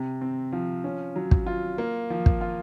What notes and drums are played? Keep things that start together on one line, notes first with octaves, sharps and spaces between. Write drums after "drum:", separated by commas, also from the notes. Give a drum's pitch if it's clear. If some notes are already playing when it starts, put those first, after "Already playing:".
Already playing: C3
C4
F3
C#4
F#3
drum: kick
F4
A#3
F3
drum: kick
F4